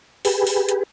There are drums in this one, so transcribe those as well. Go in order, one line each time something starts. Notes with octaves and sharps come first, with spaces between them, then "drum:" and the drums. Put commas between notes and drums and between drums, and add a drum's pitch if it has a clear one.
G4 G#4 B4, drum: open hi-hat
drum: open hi-hat
drum: hi-hat